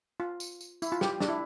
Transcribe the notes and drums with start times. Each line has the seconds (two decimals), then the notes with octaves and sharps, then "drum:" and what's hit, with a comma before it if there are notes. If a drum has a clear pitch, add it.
0.20 F4
0.40 drum: tambourine
0.61 drum: tambourine
0.82 E4, drum: tambourine
0.92 F4
1.01 G4, drum: snare
1.20 D4, drum: snare
1.28 E4